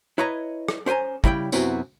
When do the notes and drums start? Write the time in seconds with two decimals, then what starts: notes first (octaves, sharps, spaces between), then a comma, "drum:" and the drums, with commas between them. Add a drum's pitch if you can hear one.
0.18 E4 B4 C#5 D#5 A#5
0.68 drum: rim click
0.86 C#4 C5 G5 G#5 A#5
1.24 C#3 G3 E4 E5 G5, drum: kick
1.52 F#2 C3 B3 C4 E4 F#4, drum: tambourine